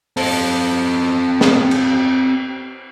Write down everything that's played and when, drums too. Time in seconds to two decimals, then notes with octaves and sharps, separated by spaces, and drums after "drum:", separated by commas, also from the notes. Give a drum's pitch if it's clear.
0.17 C4 A4, drum: open hi-hat
1.41 drum: snare
1.71 drum: cymbal